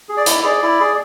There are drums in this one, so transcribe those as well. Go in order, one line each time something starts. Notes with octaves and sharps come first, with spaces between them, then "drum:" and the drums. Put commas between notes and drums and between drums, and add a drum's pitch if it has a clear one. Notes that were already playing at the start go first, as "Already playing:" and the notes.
G#4
D5
E4, drum: hi-hat
G#4 D5
E4
G#4